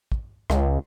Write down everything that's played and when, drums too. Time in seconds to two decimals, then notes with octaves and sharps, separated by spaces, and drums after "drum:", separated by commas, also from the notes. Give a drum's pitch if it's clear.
0.12 drum: kick
0.50 C#2, drum: rim click